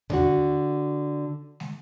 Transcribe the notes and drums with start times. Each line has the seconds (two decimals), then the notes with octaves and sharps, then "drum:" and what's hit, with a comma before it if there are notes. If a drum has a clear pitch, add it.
0.10 D3 F#4, drum: tom D#2
1.60 drum: snare